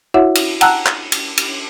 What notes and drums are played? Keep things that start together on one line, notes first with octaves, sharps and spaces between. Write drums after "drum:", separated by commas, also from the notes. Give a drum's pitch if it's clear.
E4 F#4 C#5 E5 F#5
drum: cymbal
F#5 G5 A5 A#5 E6 F#6, drum: cymbal
drum: clap
drum: cymbal
drum: cymbal